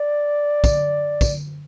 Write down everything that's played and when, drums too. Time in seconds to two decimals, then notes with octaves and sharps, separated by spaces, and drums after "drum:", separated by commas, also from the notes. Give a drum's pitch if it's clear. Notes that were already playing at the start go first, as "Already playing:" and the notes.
Already playing: D5
0.64 drum: kick, tambourine
1.21 drum: kick, tambourine